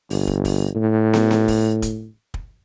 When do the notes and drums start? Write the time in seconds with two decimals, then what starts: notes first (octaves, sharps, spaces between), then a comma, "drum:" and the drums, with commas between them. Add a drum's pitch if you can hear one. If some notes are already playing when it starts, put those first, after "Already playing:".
0.10 G1, drum: open hi-hat
0.27 drum: kick
0.45 drum: kick, open hi-hat
0.75 A2
1.13 drum: snare
1.31 drum: snare
1.48 drum: kick, open hi-hat
1.82 drum: kick, hi-hat
2.34 drum: kick